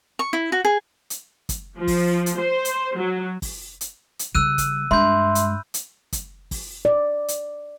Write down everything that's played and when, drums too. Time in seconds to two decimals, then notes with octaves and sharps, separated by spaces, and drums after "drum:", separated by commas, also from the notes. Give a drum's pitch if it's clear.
0.19 C#6
0.33 E4
0.52 F#4
0.65 G#4
1.10 drum: hi-hat
1.49 drum: kick, hi-hat
1.78 F3
1.87 drum: kick, open hi-hat
2.26 drum: hi-hat
2.38 C5
2.65 drum: hi-hat
2.98 F#3
3.42 drum: kick, open hi-hat
3.81 drum: hi-hat
4.19 drum: hi-hat
4.35 C#3 G3 E6 F#6 D#7
4.58 drum: kick, hi-hat
4.91 G2 G#3 E5 B5 C6 G6
5.35 drum: hi-hat
5.74 drum: hi-hat
6.13 drum: kick, hi-hat
6.51 drum: kick, open hi-hat
6.85 D5
7.28 drum: hi-hat